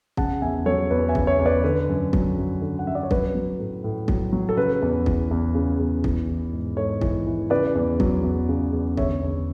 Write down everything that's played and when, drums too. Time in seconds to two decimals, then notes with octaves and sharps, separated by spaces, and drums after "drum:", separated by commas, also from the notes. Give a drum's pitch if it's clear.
0.17 C#3 F#5 A5, drum: kick
0.42 E2 E5 G#5
0.66 F#3 A4 C#5
0.90 E2 B4
1.09 E5 G#5
1.15 C#3, drum: kick
1.27 C#5 E5
1.39 E2
1.45 B4 D5
1.64 D3 B4
1.89 F#2
2.13 F#3, drum: kick
2.38 F#2
2.62 D3
2.79 F#5
2.86 F#2 E5
2.95 D5
3.03 C#5
3.11 F#3 B4, drum: kick
3.35 F#3
3.59 A2
3.84 A2
4.08 F#3, drum: kick
4.33 F#3
4.49 A4
4.57 C#3 B4
4.82 E2
5.06 E3, drum: kick
5.31 E2
5.55 C#3
5.80 E2
6.04 E3, drum: kick
6.29 E3
6.53 G#2
6.77 G#2 A4 C#5
7.01 E3, drum: kick
7.27 E3
7.50 C#3 B4 D5
7.75 E2
8.00 F#3, drum: kick
8.24 E2
8.49 C#3
8.73 E2
8.97 D3 C#5 E5, drum: kick
9.22 E2